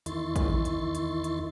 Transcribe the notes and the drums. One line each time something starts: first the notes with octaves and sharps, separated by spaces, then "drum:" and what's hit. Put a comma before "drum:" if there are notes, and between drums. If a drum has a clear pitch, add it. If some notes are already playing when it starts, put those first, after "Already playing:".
E2 D#3 E4 C6 C#6 A6, drum: hi-hat
drum: kick A1, hi-hat
drum: hi-hat
drum: hi-hat
drum: hi-hat